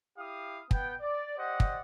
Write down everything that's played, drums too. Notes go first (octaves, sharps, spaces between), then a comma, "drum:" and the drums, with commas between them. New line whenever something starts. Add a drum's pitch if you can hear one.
E4 G4 F5 D#6
B3 G5, drum: kick
D5
G4 C5 D5 D#5 F#5
drum: kick